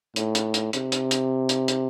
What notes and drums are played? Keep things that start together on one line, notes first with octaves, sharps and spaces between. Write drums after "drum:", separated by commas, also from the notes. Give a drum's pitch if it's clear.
A2, drum: hi-hat
drum: hi-hat
drum: hi-hat
C3, drum: hi-hat
drum: hi-hat
drum: hi-hat
drum: hi-hat
drum: hi-hat